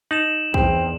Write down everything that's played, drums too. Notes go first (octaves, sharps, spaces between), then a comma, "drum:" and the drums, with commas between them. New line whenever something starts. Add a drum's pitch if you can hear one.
D#4 A5 E7 F#7
E2 C4, drum: kick B1